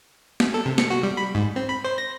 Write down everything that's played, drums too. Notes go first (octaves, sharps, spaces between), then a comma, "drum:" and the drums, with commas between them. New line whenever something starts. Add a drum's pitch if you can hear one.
drum: snare
A4
C3
C#7, drum: snare
F#4
G3
B5
G#2
C4
B5
C5
A#6